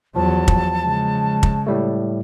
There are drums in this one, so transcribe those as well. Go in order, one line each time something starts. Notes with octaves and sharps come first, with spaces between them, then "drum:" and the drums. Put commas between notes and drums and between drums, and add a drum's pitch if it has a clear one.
E2 F3 F#3 A5
drum: kick
C#3 G#3
drum: kick
A2 G3 A3